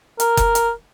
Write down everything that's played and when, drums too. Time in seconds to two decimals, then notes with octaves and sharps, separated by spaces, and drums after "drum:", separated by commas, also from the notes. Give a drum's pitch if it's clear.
0.20 A#4, drum: hi-hat
0.37 drum: kick F#1, hi-hat
0.55 drum: hi-hat